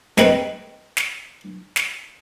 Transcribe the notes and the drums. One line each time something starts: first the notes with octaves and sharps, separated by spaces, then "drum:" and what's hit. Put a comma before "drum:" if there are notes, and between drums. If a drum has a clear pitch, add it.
G#3 C4 B4, drum: snare
drum: snare
drum: snare